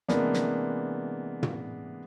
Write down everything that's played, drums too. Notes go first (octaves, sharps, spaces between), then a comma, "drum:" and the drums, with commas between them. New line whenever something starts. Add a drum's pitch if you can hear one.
C3 E3 G#3 A#3 B3 D4, drum: snare
drum: snare
drum: tom